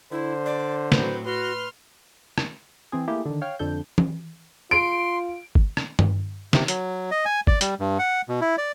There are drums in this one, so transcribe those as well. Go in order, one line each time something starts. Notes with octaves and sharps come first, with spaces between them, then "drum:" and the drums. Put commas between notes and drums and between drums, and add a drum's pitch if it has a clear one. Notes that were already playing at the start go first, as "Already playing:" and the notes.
D3 E4 C5
D5
A2 F#3 C4 B4 C5, drum: snare
F#4 B4 C6 F6
drum: rim click
E3 C4 G#4
A3 A#3 E4 G4 G#4
D3 D#3
C#5 F5 G5 F6
F2 D3 A4 G6
drum: tom E3
F4 C6 D7
drum: kick G1
drum: rim click
drum: tom G2
C3, drum: snare
F#3, drum: hi-hat
D#5
G#5
D5, drum: kick G1
G3, drum: hi-hat
G2
F#5
B2
E4
D5